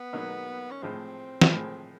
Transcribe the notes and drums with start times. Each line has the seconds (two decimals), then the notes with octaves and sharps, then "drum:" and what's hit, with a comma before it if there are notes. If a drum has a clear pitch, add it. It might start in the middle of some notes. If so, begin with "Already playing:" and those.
Already playing: B3
0.13 B2 F#3 A#3 D#4
0.71 C#4
0.82 A2 F3 G#3 C4
1.42 drum: snare
1.52 A2 F3 G#3